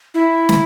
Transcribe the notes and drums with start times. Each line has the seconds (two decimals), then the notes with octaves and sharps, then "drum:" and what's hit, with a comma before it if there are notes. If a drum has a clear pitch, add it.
0.14 E4
0.49 drum: snare